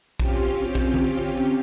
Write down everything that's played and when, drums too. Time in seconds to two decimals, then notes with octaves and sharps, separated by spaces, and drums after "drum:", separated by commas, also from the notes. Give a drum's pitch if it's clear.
0.20 C4 C#4 F4 G4, drum: kick A#1
0.75 drum: kick A#1
0.94 drum: tom D3